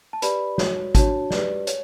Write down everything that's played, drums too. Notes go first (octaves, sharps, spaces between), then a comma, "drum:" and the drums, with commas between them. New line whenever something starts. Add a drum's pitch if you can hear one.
A5
G4 B4 D5 B5, drum: hi-hat
F#4 C#5, drum: snare
D4 F#4 C#5 A5, drum: kick G#1, hi-hat
G4 B4 D5, drum: snare
C#5, drum: hi-hat